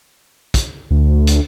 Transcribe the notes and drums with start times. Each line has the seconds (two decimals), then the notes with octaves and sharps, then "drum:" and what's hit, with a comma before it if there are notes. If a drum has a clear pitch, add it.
0.54 drum: kick, hi-hat
0.91 D2
1.27 drum: hi-hat